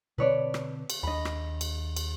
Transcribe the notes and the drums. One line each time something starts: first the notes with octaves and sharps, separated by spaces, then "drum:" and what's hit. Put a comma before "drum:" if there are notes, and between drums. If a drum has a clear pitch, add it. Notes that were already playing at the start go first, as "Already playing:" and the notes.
B2 D3 C4 B4 C#5 D5
drum: rim click
drum: cymbal
D#2 D4 D#5 B5
drum: rim click
drum: cymbal
drum: cymbal